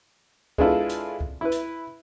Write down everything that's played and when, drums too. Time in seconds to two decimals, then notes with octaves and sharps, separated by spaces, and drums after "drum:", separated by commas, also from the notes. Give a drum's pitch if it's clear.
0.58 G#3 B3 D4 E4 F4 A4, drum: kick C#2
0.89 drum: hi-hat
1.21 drum: kick C#2
1.41 E4 B4
1.52 drum: hi-hat